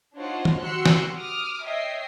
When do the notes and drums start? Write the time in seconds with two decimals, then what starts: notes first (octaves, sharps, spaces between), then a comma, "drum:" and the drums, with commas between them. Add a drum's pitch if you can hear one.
0.17 D4 D#4 F4 C5 C#5 F#5
0.45 drum: tom D#3
0.60 F#4 G4 C6 E6 F#6 C#7
0.86 drum: snare
1.16 D6 D#6 F6
1.66 C#5 D#5 E5 G5 D#6 C7